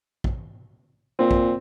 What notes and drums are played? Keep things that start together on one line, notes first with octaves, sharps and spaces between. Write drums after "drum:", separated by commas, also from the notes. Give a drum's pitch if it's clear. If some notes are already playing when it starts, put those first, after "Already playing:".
drum: kick
A#2 C4
drum: kick